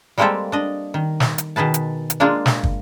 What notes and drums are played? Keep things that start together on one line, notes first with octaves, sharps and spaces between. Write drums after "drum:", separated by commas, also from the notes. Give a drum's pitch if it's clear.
G3 G#3 A#3 C4 G4 A4
D4 D#5
D#3
drum: snare
drum: hi-hat
B2 D#3 G#4 B4 A5
drum: hi-hat
drum: hi-hat
G#3 A#3 D4 F4 G#4
drum: snare
drum: kick